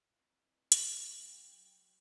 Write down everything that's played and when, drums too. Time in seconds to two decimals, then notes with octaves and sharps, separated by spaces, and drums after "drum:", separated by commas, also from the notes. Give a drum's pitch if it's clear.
0.11 F2 E3
0.72 drum: hi-hat
1.23 F#3 G5